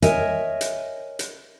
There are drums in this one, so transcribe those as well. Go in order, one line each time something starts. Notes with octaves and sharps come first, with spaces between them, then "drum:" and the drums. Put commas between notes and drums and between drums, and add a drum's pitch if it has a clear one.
A#4 C#5 D#5 E5 G#5, drum: hi-hat
drum: hi-hat
drum: hi-hat